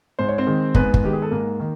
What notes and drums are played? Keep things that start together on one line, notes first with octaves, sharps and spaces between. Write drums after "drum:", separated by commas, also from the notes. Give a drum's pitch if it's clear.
G#2 C5
C#5
C4 C5
D#3 G#3
G#2 B3 B4, drum: kick
drum: kick
D#3 G#3 G4
G#4
A4
G#2 A#3 A#4
D#3